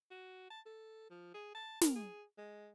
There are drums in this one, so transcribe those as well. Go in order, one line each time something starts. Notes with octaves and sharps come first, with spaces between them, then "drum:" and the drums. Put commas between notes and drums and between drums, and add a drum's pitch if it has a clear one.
F#4
A5
A4
F3
G#4
A5
A#4, drum: snare
G#4
G#3